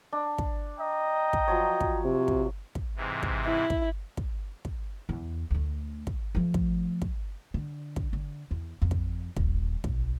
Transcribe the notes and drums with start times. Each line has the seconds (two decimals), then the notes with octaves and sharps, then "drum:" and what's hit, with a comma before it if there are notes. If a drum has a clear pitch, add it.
0.13 D4
0.38 drum: kick
0.79 D#5 G5 A#5
1.33 drum: kick
1.48 F3 F#3 C#5
1.81 drum: kick
2.05 C3
2.28 drum: kick
2.75 drum: kick
2.96 G#2 C3 E3
3.23 drum: kick
3.46 E4
3.70 drum: kick
4.17 drum: kick
4.65 drum: kick
5.09 E2
5.51 D2 A3
6.07 drum: kick
6.35 F3 A3
6.54 drum: kick
7.02 drum: kick
7.54 D3
7.96 drum: kick
8.13 D3
8.51 E2
8.82 F2
8.91 drum: kick
9.36 D#1, drum: kick
9.84 B1, drum: kick